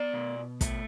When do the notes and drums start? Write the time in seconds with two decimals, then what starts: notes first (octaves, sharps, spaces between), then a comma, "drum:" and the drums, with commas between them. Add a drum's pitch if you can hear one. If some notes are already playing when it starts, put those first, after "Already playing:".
Already playing: B3 D5
0.13 B2
0.61 A3, drum: kick, hi-hat